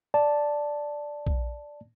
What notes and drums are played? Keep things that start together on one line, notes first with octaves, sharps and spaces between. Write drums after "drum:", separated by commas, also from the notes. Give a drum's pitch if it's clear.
D5 A5
drum: kick